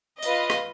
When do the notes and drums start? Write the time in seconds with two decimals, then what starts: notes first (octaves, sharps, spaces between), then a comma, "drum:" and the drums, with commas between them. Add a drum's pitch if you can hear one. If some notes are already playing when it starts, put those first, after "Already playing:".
0.23 F4 B4 D#5, drum: hi-hat
0.50 drum: rim click